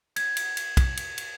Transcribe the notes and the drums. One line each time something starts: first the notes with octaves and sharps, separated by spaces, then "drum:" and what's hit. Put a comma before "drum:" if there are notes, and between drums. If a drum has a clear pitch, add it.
G#6, drum: cymbal
drum: cymbal
drum: cymbal
drum: kick, cymbal
drum: cymbal
drum: cymbal